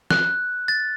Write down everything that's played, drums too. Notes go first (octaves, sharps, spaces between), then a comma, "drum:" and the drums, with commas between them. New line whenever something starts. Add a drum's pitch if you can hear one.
F#6, drum: snare
A6